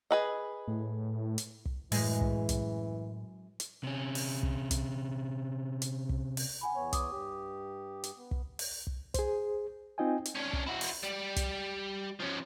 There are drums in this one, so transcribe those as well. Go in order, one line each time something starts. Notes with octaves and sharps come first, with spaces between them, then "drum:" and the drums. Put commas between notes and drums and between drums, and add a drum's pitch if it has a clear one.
G#4 B4 D#5
A2
drum: hi-hat
drum: kick
F#2 A2 E3 G#3, drum: open hi-hat
drum: kick
drum: kick, hi-hat
drum: hi-hat
C3 C#4
drum: open hi-hat
drum: kick
drum: kick, hi-hat
drum: hi-hat
drum: kick
drum: open hi-hat
F#5 G#5 B5
E2 B3 C#5
D6 D#6, drum: kick, hi-hat
G2 G4
drum: hi-hat
B3
drum: kick
drum: open hi-hat
drum: kick
G#4 C5, drum: kick, hi-hat
C4 D#4 F4 D#5 G5 G#5
drum: hi-hat
C#4 D4
drum: kick
E4 F#4
drum: open hi-hat
G3
drum: kick, hi-hat
F3 C#4